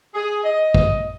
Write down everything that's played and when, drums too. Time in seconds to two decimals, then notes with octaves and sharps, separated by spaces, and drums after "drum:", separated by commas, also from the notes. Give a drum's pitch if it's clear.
0.14 G#4
0.44 D#5
0.74 drum: kick